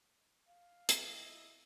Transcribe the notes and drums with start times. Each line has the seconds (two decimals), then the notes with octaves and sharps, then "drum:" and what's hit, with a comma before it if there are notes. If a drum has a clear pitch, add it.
0.48 F5
0.89 E4 D#5, drum: hi-hat